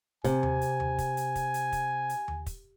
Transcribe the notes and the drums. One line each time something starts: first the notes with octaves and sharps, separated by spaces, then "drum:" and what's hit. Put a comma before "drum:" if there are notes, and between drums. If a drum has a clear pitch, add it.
C3 G#5, drum: kick, hi-hat
drum: tom D#2
drum: hi-hat
drum: tom D#2
drum: kick, hi-hat
drum: hi-hat
drum: kick, hi-hat
drum: hi-hat
drum: kick, hi-hat
drum: hi-hat
drum: tom D#2
drum: kick, hi-hat